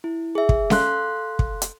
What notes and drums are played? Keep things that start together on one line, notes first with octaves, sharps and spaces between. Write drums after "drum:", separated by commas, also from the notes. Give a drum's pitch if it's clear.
E4
G#4 E5
drum: kick
A4 F5 C6 F#6, drum: snare C#4
drum: kick
drum: hi-hat